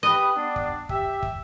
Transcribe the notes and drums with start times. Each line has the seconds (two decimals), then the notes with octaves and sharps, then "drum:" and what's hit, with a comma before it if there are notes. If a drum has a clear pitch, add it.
0.03 G4 B4 D#5
0.35 G3 B3 D4
0.56 drum: kick
0.89 G4 E5, drum: kick
1.23 drum: kick